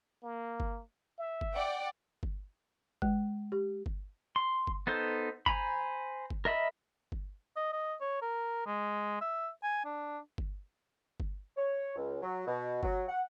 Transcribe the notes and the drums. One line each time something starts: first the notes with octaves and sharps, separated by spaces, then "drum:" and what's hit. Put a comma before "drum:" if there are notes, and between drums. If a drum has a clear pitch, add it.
A#3
drum: kick G1
E5
drum: kick G1
D5 F#5 G5
drum: kick G1
G#3, drum: kick G1
G4
drum: kick G1
C6
drum: kick G1
B3 D#4 A4 C5
C5 G#5 A#5 B5, drum: kick G1
drum: kick G1
A#4 D#5 E5 B5
drum: kick G1
D#5
D#5
C#5
A#4
G#3
E5
G#5
D4
drum: kick G1
drum: kick G1
C#5
C#2
F#3
B2
F#3, drum: kick G1
F#5